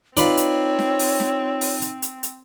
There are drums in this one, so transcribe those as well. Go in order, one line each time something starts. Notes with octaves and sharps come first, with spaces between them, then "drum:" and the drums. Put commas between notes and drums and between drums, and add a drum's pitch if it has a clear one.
C4 D#4 F4 B4 C#5 D5, drum: hi-hat
drum: hi-hat
drum: snare
drum: open hi-hat
drum: snare
drum: open hi-hat
drum: hi-hat
drum: hi-hat
drum: hi-hat